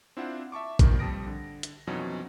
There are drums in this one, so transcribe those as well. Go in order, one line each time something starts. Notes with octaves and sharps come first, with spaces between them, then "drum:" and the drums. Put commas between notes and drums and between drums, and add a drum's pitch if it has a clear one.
C4 D4 E4 F4 C5 F#5
E5 A5 C#6 D6
G2 A#2 D#3 F3 A#3, drum: kick, hi-hat
F2 G3 A5 D#6 A#6 D7
D3
drum: hi-hat
F2 B2 E3 F#3 C#4 D#4